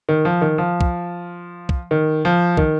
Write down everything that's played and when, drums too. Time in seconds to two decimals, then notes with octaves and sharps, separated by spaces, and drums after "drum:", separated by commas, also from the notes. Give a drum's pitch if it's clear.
0.09 D#3
0.25 F3
0.42 D#3
0.58 F3
0.81 drum: kick
1.69 drum: kick
1.91 D#3
2.25 F3
2.57 D#3, drum: kick